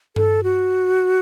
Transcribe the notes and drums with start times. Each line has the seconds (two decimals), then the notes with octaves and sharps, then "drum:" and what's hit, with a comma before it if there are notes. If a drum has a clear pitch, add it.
0.16 A4, drum: tom G2
0.44 F#4